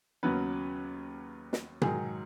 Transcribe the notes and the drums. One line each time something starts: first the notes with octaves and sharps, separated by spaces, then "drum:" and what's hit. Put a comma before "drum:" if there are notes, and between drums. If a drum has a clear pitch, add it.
D#2 C#3 F#3 B3 C#4 B4
drum: snare
G#2 D#3 F#3 G#4, drum: tom B2